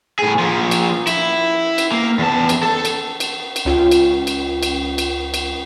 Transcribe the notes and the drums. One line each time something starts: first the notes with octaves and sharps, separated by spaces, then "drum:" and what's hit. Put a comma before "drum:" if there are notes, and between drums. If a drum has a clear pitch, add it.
A2 G#4
F3 A#3
drum: cymbal
E4, drum: cymbal
drum: cymbal
A#3
E2 A5
drum: cymbal
A4
drum: cymbal
drum: cymbal
drum: cymbal
C#2 C#4 F4 G5
drum: cymbal
drum: cymbal
drum: cymbal
drum: cymbal
drum: cymbal